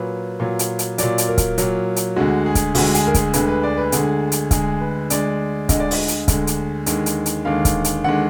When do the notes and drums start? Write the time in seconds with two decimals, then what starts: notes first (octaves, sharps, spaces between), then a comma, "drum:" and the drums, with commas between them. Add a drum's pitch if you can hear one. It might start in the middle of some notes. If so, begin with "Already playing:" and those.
Already playing: A#2 F#3 B4
0.40 A#2 F#3
0.59 drum: hi-hat
0.79 drum: hi-hat
0.98 A#2 F#3 D5, drum: hi-hat
1.18 drum: hi-hat
1.28 A#4
1.38 drum: kick, hi-hat
1.58 A#2 F#3, drum: hi-hat
1.96 drum: hi-hat
2.16 D2 D3 G#3 F#4
2.46 G#4
2.55 drum: kick, hi-hat
2.75 D2 D3 G#3 F#4, drum: open hi-hat
2.95 G#4, drum: hi-hat
3.07 A#4
3.14 G#4, drum: kick, hi-hat
3.33 D2 D3 G#3 B4, drum: hi-hat
3.48 B4
3.63 D5
3.77 B4
3.92 D2 D3 G#3 G#4, drum: hi-hat
4.32 drum: hi-hat
4.51 D2 D3 G#3 G#4, drum: kick, hi-hat
4.81 B4
5.10 D2 D3 G#3 D5, drum: hi-hat
5.69 D2 D3 G#3 D#5, drum: kick, hi-hat
5.80 D5
5.91 D#5, drum: open hi-hat
6.08 drum: hi-hat
6.28 D2 D3 G#3, drum: kick, hi-hat
6.47 drum: hi-hat
6.86 D#2 D3 G#3, drum: hi-hat
7.06 drum: hi-hat
7.26 drum: hi-hat
7.45 D#2 D3 G#3 F5
7.65 drum: kick, hi-hat
7.84 drum: hi-hat
8.04 D#2 D3 G#3 F#5